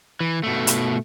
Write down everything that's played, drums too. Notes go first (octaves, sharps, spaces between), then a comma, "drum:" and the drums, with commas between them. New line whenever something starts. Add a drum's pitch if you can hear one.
E3
B2 A3
drum: hi-hat